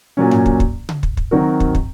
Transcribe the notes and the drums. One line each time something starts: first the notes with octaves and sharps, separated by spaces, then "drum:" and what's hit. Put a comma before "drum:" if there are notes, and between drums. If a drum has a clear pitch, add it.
A#2 F#3 C#4
drum: tom G2
drum: kick
drum: kick
drum: tom C#3
drum: kick
drum: kick
D#3 F#3 C4 F#4 A#4
drum: kick
drum: kick